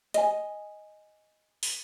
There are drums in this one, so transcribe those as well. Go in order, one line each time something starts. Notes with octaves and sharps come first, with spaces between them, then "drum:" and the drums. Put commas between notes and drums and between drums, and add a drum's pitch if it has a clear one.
D#5 G#5, drum: hi-hat
drum: open hi-hat